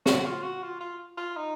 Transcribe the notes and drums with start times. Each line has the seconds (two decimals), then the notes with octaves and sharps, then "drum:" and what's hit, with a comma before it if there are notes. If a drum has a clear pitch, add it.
0.06 F#4, drum: snare
0.25 F4
0.43 F#4
0.63 F4
0.80 F4
1.18 F4
1.36 D#4